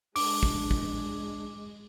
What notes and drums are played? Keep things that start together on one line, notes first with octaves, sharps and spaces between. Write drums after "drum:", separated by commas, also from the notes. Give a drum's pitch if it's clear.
G#3 D4 D6, drum: open hi-hat
drum: kick
drum: kick